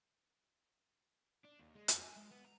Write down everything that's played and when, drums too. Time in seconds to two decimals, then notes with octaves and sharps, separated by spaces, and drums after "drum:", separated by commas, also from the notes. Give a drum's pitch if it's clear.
1.45 D4
1.60 D#2
1.75 G#3
1.88 F2, drum: hi-hat
2.01 G#5
2.16 G#3
2.31 B3
2.45 A#5